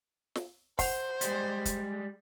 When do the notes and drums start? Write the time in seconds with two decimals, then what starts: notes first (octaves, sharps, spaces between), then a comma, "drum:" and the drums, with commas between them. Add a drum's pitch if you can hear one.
0.35 drum: snare
0.79 C5 F#5, drum: kick, open hi-hat
1.21 G3 G#3, drum: hi-hat
1.65 drum: kick, hi-hat